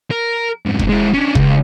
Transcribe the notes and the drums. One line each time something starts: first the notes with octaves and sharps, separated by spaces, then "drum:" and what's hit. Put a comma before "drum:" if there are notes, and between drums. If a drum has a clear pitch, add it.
A#4
F2 G#2
drum: kick
G#3 E4
C#4 D4
C#2, drum: kick